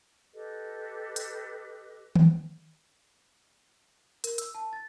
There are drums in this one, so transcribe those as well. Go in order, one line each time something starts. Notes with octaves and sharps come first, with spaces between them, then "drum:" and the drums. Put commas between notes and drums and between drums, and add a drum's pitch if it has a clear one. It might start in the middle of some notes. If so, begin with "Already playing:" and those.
G4 A4 B4 D#5
drum: hi-hat
drum: tom D#3
A#4, drum: hi-hat
E6, drum: hi-hat
A5
A6